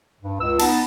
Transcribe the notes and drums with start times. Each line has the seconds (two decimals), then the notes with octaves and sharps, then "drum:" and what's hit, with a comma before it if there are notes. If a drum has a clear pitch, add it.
0.21 G2
0.40 C#2 E6
0.60 B3 D#4 A5, drum: cymbal